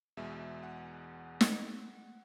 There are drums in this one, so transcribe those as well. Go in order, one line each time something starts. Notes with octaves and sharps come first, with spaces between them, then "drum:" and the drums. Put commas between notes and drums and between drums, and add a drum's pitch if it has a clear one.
E2 B2 G#3 E5
F#5
drum: snare